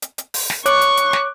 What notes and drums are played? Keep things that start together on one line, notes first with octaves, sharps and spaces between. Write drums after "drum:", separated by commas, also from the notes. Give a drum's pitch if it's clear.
drum: hi-hat
drum: hi-hat
drum: open hi-hat
drum: snare
C#5 C#6 D6 F#6, drum: hi-hat
drum: hi-hat
drum: hi-hat
drum: snare